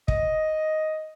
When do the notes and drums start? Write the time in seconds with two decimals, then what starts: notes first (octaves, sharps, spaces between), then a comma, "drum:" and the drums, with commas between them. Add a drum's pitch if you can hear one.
0.08 D#5, drum: kick